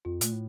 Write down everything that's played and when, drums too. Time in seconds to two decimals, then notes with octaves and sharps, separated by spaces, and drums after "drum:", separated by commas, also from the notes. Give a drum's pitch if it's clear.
0.05 F2 F4
0.21 A#2 A3, drum: hi-hat
0.32 A2